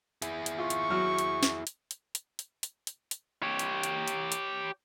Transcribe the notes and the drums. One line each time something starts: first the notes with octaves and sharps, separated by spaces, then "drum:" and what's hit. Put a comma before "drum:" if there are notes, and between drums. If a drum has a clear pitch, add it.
E4 G#4, drum: hi-hat
drum: hi-hat
F4 C#6
drum: hi-hat
F#3 F#4 F6
drum: hi-hat
drum: snare
drum: hi-hat
drum: hi-hat
drum: hi-hat
drum: hi-hat
drum: hi-hat
drum: hi-hat
drum: hi-hat
G4 C#5
drum: hi-hat
drum: hi-hat
drum: hi-hat
drum: hi-hat